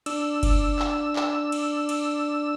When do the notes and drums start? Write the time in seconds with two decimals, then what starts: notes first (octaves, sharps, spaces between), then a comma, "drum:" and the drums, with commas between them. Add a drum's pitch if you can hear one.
0.06 D4 E6, drum: cymbal
0.43 drum: kick F#1, cymbal
0.79 drum: clap
1.16 drum: clap
1.52 drum: cymbal
1.89 drum: cymbal